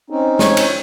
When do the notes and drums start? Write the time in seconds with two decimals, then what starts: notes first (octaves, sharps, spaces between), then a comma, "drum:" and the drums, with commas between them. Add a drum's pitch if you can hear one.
0.10 C4 C#4 D#4
0.39 C#5, drum: snare
0.57 drum: cymbal